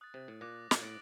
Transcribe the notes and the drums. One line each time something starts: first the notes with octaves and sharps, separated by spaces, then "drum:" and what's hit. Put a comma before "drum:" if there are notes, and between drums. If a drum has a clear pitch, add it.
D#6 F#6 A6
C3
A2
A#2 D6 F#6 A#6
A#2, drum: snare
A2 A6 D7 F#7